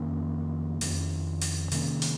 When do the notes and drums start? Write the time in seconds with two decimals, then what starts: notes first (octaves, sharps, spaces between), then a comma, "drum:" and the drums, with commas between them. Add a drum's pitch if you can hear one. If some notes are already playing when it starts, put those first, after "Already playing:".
Already playing: F2 D#3 A#3 C#4
0.81 F2 D#3 A#3 C#4, drum: open hi-hat
1.41 drum: open hi-hat
1.72 C3 D#3 A#3 C#4, drum: open hi-hat
2.02 drum: hi-hat